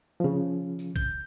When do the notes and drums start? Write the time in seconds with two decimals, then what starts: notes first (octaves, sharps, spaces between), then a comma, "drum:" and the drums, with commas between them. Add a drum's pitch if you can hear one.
0.20 C#3 F3
0.79 drum: tambourine
0.96 G6, drum: kick